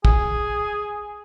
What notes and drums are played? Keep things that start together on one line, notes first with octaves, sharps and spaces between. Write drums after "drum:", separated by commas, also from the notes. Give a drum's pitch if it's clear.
G#4, drum: kick